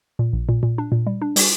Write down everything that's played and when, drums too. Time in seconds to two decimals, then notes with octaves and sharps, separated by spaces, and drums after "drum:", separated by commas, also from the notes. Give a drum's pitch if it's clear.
0.19 A#2
0.33 A#1
0.49 A#2
0.63 A#2
0.78 D4
0.92 A#2
1.07 G3
1.22 D4
1.36 G3, drum: open hi-hat